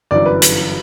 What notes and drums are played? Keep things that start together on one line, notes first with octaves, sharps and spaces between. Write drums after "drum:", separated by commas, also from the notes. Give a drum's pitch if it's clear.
G1 F#2 E3 D5
B4
drum: hi-hat